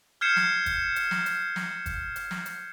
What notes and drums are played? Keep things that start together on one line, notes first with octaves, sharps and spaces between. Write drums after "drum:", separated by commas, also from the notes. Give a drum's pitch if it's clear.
F6 G6 G#6 C7 C#7 E7
drum: snare
drum: kick, hi-hat
drum: hi-hat
drum: snare
drum: hi-hat
drum: snare
drum: kick, hi-hat
drum: hi-hat
drum: snare
drum: hi-hat